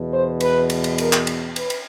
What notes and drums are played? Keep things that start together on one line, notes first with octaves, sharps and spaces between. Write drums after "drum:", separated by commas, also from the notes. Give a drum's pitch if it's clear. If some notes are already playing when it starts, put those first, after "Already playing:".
Already playing: E2 B2
C5
B4, drum: cymbal
drum: cymbal
drum: cymbal
A#4, drum: cymbal
drum: clap
drum: cymbal
B4, drum: cymbal
drum: cymbal